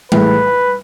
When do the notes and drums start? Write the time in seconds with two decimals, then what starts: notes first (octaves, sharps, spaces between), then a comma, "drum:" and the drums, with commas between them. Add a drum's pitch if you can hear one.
0.12 A2 E3 G#3 B4, drum: tom G3